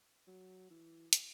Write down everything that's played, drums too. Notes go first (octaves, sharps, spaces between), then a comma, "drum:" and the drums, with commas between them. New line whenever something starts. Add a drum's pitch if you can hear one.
F#3
E3
drum: hi-hat